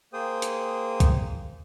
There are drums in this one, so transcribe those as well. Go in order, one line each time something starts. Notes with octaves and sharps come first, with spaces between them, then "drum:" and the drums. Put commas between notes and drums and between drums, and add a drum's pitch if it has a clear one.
A#3 G#4 C5 G5 D#6
drum: hi-hat
drum: kick C2, hi-hat